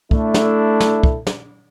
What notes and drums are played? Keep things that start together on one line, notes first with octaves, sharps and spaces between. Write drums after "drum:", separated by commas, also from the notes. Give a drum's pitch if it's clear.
A3 D4 E4 A4, drum: kick
drum: snare
drum: snare
drum: kick
drum: snare